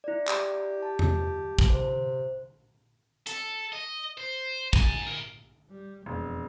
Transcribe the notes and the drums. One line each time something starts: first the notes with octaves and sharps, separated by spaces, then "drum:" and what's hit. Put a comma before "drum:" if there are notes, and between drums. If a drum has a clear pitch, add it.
E4 D5
G4, drum: clap
A5
drum: tom E2
drum: kick
C3 C5
A4, drum: hi-hat
D#5
C5
G#5 A#5, drum: kick
E3 A#4
G3
E1 F2